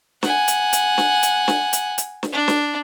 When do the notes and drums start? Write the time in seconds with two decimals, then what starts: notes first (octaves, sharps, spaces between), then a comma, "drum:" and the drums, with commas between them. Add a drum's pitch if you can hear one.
0.23 F#5 G#5, drum: snare
0.48 drum: hi-hat
0.73 drum: hi-hat
0.98 drum: snare
1.23 drum: hi-hat
1.48 drum: snare
1.73 drum: hi-hat
1.98 drum: hi-hat
2.23 drum: snare
2.33 D4
2.48 drum: snare